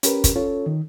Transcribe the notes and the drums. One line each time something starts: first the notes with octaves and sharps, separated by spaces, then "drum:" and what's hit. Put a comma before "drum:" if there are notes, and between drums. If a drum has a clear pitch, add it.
C#4 G4 A#4 B4, drum: hi-hat
drum: kick, hi-hat
C#4 F4 A4 C#5
D#3